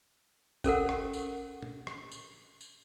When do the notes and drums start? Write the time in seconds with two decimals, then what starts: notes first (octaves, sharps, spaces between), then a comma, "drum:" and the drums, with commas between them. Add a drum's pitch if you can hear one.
0.64 C#4 A4 A#4 F#5, drum: kick G1, tambourine
0.89 drum: rim click
1.13 drum: tambourine
1.62 drum: tom
1.87 drum: rim click
2.12 drum: tambourine
2.61 drum: tambourine